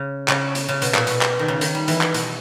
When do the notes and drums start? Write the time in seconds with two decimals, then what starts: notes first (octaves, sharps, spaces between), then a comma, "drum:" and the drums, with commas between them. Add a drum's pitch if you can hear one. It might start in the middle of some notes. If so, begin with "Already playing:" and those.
Already playing: C#3
0.28 C#3, drum: clap
0.55 drum: hi-hat
0.69 C#3
0.82 B2, drum: hi-hat
0.94 A#2, drum: clap
1.07 B2, drum: hi-hat
1.21 drum: clap
1.39 D#3
1.48 C#3
1.61 D#3, drum: hi-hat
1.75 G3
1.88 E3, drum: hi-hat
2.01 drum: clap
2.14 B2, drum: hi-hat